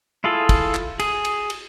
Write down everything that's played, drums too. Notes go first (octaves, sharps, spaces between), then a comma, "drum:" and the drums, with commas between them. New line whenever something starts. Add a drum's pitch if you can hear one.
E4 F4 G#4 A4
drum: kick, cymbal
drum: clap
G#4, drum: cymbal
drum: cymbal
drum: cymbal